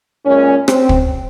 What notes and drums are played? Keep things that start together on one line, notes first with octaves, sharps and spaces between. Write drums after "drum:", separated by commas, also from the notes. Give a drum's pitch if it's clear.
A#2 G#3 C#4
C4, drum: rim click
drum: kick